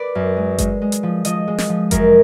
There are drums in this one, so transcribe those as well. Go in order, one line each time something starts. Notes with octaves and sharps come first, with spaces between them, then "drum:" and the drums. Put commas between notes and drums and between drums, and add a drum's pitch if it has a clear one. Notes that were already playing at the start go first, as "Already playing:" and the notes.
Already playing: B4 D5
F#2
G#3
G#3, drum: kick G1, hi-hat
G#3
drum: hi-hat
F3
F3 D#5, drum: hi-hat
G#3
drum: snare
F3
F#2 A#4, drum: kick G1, hi-hat